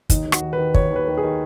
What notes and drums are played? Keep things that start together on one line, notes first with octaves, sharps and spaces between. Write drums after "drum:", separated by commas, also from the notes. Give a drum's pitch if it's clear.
D#2 D#4, drum: kick, hi-hat
D#2
F#4, drum: rim click
D#3
B4
D#3
D#2 C#5, drum: kick
D#2 B4
D#3
G#4
D#3